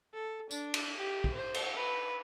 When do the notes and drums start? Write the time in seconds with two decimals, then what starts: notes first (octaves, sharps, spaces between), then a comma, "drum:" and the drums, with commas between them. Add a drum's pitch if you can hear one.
0.14 A4
0.51 D4, drum: tambourine
0.74 drum: cymbal
0.98 G4
1.24 drum: kick
1.34 C5
1.54 drum: cymbal
1.75 B4